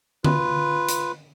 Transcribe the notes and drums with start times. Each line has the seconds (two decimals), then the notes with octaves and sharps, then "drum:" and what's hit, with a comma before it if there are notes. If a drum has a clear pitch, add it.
0.24 F4 B4, drum: tom D3
0.88 drum: hi-hat